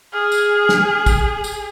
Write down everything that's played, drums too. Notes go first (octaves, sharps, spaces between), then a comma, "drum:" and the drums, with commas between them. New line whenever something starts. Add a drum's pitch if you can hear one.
G#4 F6
drum: tambourine
drum: snare
drum: kick, tambourine
drum: tambourine